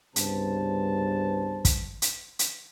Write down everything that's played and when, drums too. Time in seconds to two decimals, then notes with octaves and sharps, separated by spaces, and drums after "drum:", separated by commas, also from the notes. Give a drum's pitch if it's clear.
0.16 C2 G2 C#3 B3 C5 A5, drum: hi-hat
1.65 drum: kick, hi-hat
2.02 drum: hi-hat
2.39 drum: hi-hat